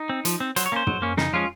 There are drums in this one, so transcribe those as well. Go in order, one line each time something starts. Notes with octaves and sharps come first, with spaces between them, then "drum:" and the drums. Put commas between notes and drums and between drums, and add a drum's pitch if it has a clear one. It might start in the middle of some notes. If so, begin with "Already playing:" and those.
Already playing: D#4
C4
F3, drum: hi-hat
C4
F#3 C5, drum: hi-hat
C#5
A#3 C#4 C5
F#3, drum: tom
A#3 C#4
C#3 D#4, drum: snare
F3 G#3 C#4 F4